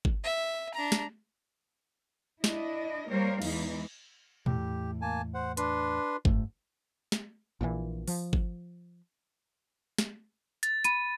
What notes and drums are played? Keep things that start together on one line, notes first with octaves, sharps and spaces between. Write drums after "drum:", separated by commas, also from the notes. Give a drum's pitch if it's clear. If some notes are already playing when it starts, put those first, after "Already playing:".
drum: kick G1
E5
D4 A#5
drum: snare
D4 E4 D#5, drum: snare
G3 A#3 A#4 C5 C#5 F5
E2 E3 G#3 D#4 E4, drum: cymbal
E2 A2 G4, drum: tom A#2
A#3 G#5 A5
C5 F#5
D4 B4 C6, drum: hi-hat
F#1 G#2 A3, drum: kick G1
drum: snare
A#1 A#2 D3 E3
F3, drum: open hi-hat
drum: kick G1
drum: snare
A6, drum: hi-hat
B5 D#7, drum: hi-hat